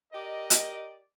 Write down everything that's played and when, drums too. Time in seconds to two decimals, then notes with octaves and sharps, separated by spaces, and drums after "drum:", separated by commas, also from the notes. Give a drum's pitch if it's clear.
0.12 G4 A#4 D5 D#5
0.50 drum: hi-hat